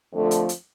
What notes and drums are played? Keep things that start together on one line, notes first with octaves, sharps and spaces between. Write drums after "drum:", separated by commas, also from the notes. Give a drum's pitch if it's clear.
F2 D3 F3 A3
drum: hi-hat
drum: hi-hat